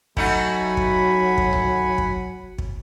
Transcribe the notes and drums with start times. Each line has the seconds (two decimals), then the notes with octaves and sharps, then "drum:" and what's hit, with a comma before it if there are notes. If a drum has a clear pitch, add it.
0.17 F#3 A3 D#4 F#4 F#5 G#5 B5, drum: kick
0.77 drum: kick
1.38 drum: kick
1.53 drum: tom B1
1.98 drum: kick
2.58 drum: kick